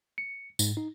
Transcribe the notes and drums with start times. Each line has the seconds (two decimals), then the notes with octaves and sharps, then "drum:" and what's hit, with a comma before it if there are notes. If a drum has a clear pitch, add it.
0.18 C#7
0.59 G#2, drum: tambourine
0.77 D#4